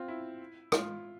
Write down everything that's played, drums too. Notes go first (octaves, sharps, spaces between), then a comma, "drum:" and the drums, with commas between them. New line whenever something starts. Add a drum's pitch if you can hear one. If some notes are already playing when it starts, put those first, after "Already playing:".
Already playing: C4 F4
E4
F4, drum: rim click